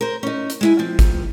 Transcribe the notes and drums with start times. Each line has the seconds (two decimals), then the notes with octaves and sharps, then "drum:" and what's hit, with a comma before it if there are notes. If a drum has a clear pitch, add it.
0.01 A#4 C5
0.23 C#4 D#4
0.50 drum: hi-hat
0.61 G#3 E4 G#5
0.79 F3 C4
0.99 drum: kick G#1, hi-hat